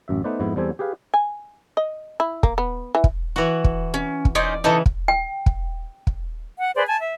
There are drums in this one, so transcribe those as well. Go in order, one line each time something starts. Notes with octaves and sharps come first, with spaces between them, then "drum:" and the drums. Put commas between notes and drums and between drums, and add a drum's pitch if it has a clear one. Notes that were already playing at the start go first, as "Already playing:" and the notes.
A1 F#2 E5
A3 B3 D#4 B4 C5 D5
F2 G#2 B3 E4
E2 G3 C4 A4 C5 G#5
G4 G#4 B4 F5
G#5
D#5
E4
A#3, drum: kick
B3
E3
drum: kick
E3 F#4
drum: kick
C#4
drum: kick
C#4 D#4 C5 D5
C#3 E3 D#4 A4
drum: kick
G5
drum: kick
drum: kick
F#5
G#4 B4 C5 D5
G#5 A5
E5